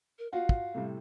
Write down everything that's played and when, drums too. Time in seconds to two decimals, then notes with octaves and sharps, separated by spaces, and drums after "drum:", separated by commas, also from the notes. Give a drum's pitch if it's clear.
0.18 A#4
0.33 F4 F#4 F5
0.49 drum: kick
0.74 A2 C3 G3